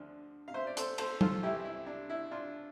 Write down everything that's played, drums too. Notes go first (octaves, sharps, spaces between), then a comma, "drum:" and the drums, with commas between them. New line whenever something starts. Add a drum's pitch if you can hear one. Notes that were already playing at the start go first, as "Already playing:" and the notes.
Already playing: D2 D3 F3
F5
C5 E5
D5
A4 C5, drum: hi-hat
A4 C5, drum: cymbal
F4 A4, drum: tom
C2 C3 E3 E4 G4
E4
D4
E4
D4 F4